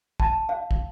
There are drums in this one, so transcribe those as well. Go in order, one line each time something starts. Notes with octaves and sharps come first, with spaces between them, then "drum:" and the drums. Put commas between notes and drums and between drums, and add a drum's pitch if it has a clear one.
A5, drum: kick
F5
drum: kick